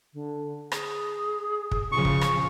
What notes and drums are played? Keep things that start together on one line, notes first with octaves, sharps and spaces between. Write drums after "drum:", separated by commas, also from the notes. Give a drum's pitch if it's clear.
D3
G#4, drum: rim click
drum: kick
C#3 F3 C#6
drum: kick
drum: rim click